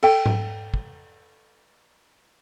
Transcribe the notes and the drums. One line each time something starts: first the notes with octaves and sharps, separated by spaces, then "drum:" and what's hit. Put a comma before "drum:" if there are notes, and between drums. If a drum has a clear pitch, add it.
A4 G5, drum: cymbal
drum: tom G#2
drum: kick